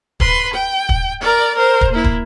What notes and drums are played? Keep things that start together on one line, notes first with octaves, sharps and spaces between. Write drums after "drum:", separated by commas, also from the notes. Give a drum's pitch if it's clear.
B4 C6, drum: kick
G5
drum: kick
A#4 D5
A#4 C5
drum: kick
A#3 E4
drum: kick